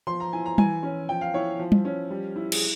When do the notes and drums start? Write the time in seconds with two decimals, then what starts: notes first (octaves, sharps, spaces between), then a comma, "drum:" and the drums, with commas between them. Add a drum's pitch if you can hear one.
0.07 F3 C6
0.20 A#5
0.33 E4 G#5
0.46 A#5
0.58 E3 G#5, drum: tom G3
0.83 C#4
1.09 F3 G5
1.21 F5
1.34 E4 C#5
1.59 F3
1.72 drum: tom G3
1.85 C#4
2.10 G3
2.36 E4
2.52 G#4, drum: cymbal